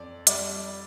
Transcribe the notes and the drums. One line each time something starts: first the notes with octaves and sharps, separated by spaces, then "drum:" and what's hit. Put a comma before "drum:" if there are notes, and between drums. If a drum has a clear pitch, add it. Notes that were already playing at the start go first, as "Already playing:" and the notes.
Already playing: F2 D5
G3 D5, drum: hi-hat